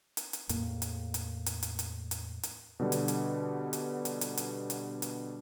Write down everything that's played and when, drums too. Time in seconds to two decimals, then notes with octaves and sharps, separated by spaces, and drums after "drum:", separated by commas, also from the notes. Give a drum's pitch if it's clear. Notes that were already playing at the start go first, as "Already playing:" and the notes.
0.17 drum: hi-hat
0.33 drum: hi-hat
0.49 E2 A2 A#3, drum: hi-hat
0.82 drum: hi-hat
1.14 drum: hi-hat
1.46 drum: hi-hat
1.63 drum: hi-hat
1.79 drum: hi-hat
2.11 drum: hi-hat
2.43 drum: hi-hat
2.79 B2 D3 G3
2.92 drum: hi-hat
3.08 drum: hi-hat
3.73 drum: hi-hat
4.05 drum: hi-hat
4.21 drum: hi-hat
4.37 drum: hi-hat
4.70 drum: hi-hat
5.02 drum: hi-hat